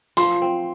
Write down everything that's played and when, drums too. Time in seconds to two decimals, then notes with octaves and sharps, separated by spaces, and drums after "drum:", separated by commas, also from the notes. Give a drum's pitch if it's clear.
0.17 F3 C6, drum: open hi-hat
0.42 C4